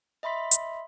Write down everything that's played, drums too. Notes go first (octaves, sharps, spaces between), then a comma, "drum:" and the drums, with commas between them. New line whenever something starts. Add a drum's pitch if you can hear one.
D#5 E5 B5 C6 B6
drum: hi-hat